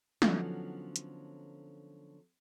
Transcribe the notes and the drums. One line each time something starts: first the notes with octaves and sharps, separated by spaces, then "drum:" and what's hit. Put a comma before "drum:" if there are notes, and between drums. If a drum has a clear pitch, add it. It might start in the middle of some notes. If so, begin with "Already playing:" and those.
D3 F3 F#3 B3 C#4 D#4, drum: snare
drum: hi-hat